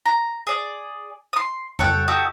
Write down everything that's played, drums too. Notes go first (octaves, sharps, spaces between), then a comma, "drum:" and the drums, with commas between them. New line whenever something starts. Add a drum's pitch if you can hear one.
A#5
G#4 D5
C6 D#6
A4 C#5 F#5 G5, drum: tom
D#4 F#4 G4 A4